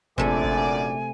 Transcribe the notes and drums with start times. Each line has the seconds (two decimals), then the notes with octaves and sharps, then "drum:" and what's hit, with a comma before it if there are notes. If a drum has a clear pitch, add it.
0.18 A#1 F#2 C3 A3 D5 G#5, drum: kick G1
0.44 drum: kick G1